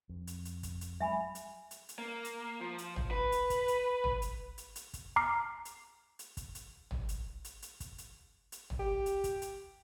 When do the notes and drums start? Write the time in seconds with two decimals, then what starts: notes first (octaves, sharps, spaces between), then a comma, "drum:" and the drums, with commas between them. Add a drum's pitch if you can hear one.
0.09 F2
0.27 drum: hi-hat
0.45 drum: hi-hat
0.63 drum: kick, hi-hat
0.81 drum: hi-hat
1.01 F#3 G#3 C#4 E5 G#5 B5
1.35 drum: hi-hat
1.71 drum: hi-hat
1.89 drum: hi-hat
1.98 A#3
2.25 drum: hi-hat
2.61 F3
2.78 drum: hi-hat
2.96 drum: tom
3.11 B4
3.32 drum: hi-hat
3.50 drum: kick, hi-hat
3.68 drum: hi-hat
4.04 drum: tom
4.22 drum: hi-hat
4.58 drum: hi-hat
4.76 drum: hi-hat
4.94 drum: kick, hi-hat
5.16 A#5 D6 F6 C7
5.65 drum: hi-hat
6.19 drum: hi-hat
6.37 drum: kick, hi-hat
6.55 drum: hi-hat
6.91 drum: tom
7.09 drum: hi-hat
7.45 drum: hi-hat
7.62 drum: hi-hat
7.80 drum: kick, hi-hat
7.98 drum: hi-hat
8.52 drum: hi-hat
8.70 drum: tom
8.80 G4
9.06 drum: hi-hat
9.24 drum: kick, hi-hat
9.42 drum: hi-hat